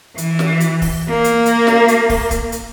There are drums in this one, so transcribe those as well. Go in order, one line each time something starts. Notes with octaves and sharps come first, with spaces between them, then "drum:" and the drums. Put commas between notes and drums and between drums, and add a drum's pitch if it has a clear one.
E3, drum: hi-hat
drum: snare
drum: hi-hat
drum: kick, open hi-hat
A#3
drum: hi-hat
drum: hi-hat
drum: snare
drum: hi-hat
drum: kick, open hi-hat
drum: kick, hi-hat
drum: hi-hat